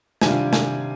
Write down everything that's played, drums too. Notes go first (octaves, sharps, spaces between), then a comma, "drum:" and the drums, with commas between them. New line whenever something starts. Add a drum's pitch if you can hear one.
C3 D#3 G3 D4 F4 G#5, drum: snare
G#5, drum: snare